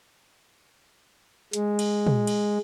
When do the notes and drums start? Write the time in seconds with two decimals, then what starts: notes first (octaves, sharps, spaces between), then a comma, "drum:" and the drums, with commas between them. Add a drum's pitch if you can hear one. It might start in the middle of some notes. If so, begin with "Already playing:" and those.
1.53 G#3, drum: hi-hat
1.79 drum: cymbal
2.07 drum: tom A#2
2.27 drum: cymbal